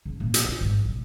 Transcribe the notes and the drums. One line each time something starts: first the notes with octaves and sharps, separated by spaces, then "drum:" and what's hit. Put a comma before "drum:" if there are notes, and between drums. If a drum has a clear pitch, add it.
C#3
A#2
drum: hi-hat
D#4
G#1
B2